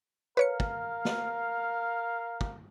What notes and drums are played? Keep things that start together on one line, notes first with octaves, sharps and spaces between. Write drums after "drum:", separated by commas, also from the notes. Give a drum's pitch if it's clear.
A#4 B4 C#5 F5 C#7
drum: kick
drum: snare
drum: kick